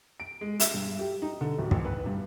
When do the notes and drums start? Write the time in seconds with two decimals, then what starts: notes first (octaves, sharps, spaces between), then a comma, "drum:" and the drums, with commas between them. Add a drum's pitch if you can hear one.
0.20 D7
0.41 G#3
0.60 E5, drum: hi-hat
0.74 G2
0.99 G4
1.22 D#4
1.41 D3
1.58 D1
1.71 A1, drum: kick
1.85 B4
2.06 G2